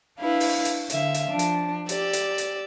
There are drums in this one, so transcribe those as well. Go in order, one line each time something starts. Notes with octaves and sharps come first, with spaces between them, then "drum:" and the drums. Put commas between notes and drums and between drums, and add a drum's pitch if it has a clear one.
D4 E4 B4 F5
drum: open hi-hat
drum: hi-hat
D3 E5 F5, drum: hi-hat
drum: hi-hat
F3 D4
drum: hi-hat
G4 D5 E6, drum: hi-hat
drum: hi-hat
drum: hi-hat